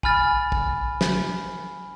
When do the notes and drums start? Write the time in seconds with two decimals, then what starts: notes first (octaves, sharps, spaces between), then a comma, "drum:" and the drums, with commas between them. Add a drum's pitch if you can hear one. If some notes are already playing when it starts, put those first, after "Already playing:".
0.03 G#5 B5 F6 A6, drum: kick
0.52 drum: kick
1.01 drum: snare